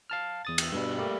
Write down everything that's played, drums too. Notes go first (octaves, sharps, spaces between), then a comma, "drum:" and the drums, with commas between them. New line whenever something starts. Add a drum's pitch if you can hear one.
F5 A5 F6
E2 D#6 A6
drum: cymbal
G2 B2 G3
G3 A3 A#3